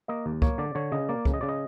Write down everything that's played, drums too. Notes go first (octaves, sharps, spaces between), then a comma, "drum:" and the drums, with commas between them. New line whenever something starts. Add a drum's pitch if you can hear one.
A#3 D#5
D#2
A#3 C#5, drum: kick
D3 D5
D3 C#5
C#3 D#5
A#3 D5
C#3, drum: kick
D#5
C#3 D5
D#5